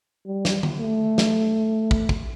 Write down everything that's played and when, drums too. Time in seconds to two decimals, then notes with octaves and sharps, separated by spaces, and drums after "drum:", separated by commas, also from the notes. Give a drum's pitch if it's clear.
0.27 G3
0.45 drum: snare
0.63 drum: tom D3
0.79 A3
1.18 drum: snare
1.91 drum: kick
2.09 drum: kick